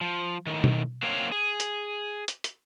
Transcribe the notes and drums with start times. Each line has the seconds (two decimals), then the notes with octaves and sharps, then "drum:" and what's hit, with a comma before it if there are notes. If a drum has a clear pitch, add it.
0.01 F3
0.47 A2 D#3
0.64 drum: tom B2
1.03 F#3 A#3 C4 D4 C#5 F5
1.32 G#4
1.60 drum: hi-hat
2.28 drum: hi-hat
2.44 drum: hi-hat